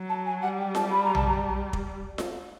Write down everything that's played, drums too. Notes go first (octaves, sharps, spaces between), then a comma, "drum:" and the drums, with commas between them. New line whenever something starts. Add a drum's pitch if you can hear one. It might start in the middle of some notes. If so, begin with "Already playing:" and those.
Already playing: F#3
A5
G#5
G3 F#5
G5
A5, drum: snare F4
B5
A#5
A5, drum: tom A#1
A#5
drum: kick
drum: snare F4